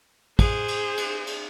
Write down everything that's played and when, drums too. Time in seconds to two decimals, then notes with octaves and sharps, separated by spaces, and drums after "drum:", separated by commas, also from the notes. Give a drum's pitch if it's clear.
0.39 G#4 C5, drum: kick, cymbal
0.68 drum: cymbal
0.97 drum: cymbal
1.27 drum: cymbal